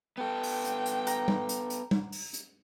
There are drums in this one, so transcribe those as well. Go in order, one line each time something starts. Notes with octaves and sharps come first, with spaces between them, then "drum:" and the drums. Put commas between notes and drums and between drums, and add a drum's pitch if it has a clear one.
B3 A4 G5
drum: open hi-hat
drum: hi-hat
drum: hi-hat
A#5, drum: hi-hat
drum: tom G3
drum: hi-hat
drum: hi-hat
drum: tom G3
drum: open hi-hat
drum: hi-hat